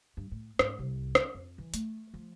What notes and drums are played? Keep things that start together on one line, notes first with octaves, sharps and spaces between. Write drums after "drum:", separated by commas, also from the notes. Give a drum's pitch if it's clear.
G2
A2
G#2, drum: rim click
C2
drum: rim click
F2
E3
A3, drum: hi-hat
F3